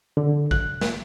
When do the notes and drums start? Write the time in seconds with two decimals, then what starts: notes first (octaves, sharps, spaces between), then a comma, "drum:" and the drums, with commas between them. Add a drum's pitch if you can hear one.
0.17 D3
0.51 F#6, drum: kick
0.81 drum: snare